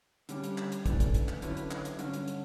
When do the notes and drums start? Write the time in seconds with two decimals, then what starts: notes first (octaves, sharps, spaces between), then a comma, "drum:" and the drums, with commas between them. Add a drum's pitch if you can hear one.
0.29 D3 G3 C#4 G4, drum: hi-hat
0.44 drum: hi-hat
0.58 drum: clap
0.72 drum: hi-hat
0.86 F#2 C#3 E3 A3 D4, drum: kick, hi-hat
1.00 drum: kick, hi-hat
1.14 drum: hi-hat
1.29 drum: clap
1.42 D3 F#3 C#4 E4 B4, drum: hi-hat
1.57 drum: hi-hat
1.71 drum: clap
1.85 drum: hi-hat
1.99 G2 D3 F#3 C#4, drum: hi-hat
2.13 drum: hi-hat
2.28 drum: hi-hat